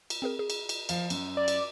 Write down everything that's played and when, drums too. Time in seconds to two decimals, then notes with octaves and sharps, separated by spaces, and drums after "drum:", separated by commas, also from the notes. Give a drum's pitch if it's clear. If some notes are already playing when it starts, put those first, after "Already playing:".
0.10 drum: cymbal
0.22 C4 G#4 A#4
0.39 G#4
0.50 drum: cymbal
0.69 drum: cymbal
0.89 F3 F5, drum: cymbal
1.10 F#2, drum: cymbal
1.37 D5
1.48 drum: cymbal